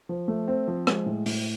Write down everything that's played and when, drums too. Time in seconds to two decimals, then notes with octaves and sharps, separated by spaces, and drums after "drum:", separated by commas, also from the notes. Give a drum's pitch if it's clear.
0.09 F3
0.28 A3
0.48 C4
0.68 F3
0.87 G#3, drum: rim click
1.06 A2
1.26 A2, drum: open hi-hat